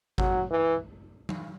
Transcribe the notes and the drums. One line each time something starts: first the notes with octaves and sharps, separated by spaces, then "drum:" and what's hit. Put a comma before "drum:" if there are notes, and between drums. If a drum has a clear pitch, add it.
F#3, drum: kick G#1
E3
drum: tom F#3